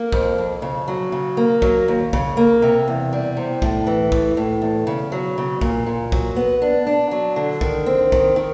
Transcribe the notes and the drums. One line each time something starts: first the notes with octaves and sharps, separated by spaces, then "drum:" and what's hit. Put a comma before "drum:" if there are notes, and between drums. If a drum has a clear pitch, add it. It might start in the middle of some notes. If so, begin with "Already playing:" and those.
Already playing: A#3
F2, drum: kick
F2
C#3
F#3
C#3
A#3
F#3, drum: kick
D#2
C#3, drum: kick
A#3
C3
E2
G3
C3
A2, drum: kick
E3
A2, drum: kick
A2
E2
C#3
F#3
C#3
A#2, drum: kick
A#2
F#3, drum: kick
B3
D4
D4
F#3
D3
D#3, drum: kick
C4
D#3, drum: kick
D#3